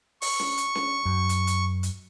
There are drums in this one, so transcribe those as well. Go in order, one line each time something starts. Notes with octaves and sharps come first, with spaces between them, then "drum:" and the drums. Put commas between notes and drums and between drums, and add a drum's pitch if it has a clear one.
C#6, drum: open hi-hat
drum: snare C#4
drum: hi-hat
drum: snare C#4
F#2
drum: hi-hat
drum: hi-hat
drum: hi-hat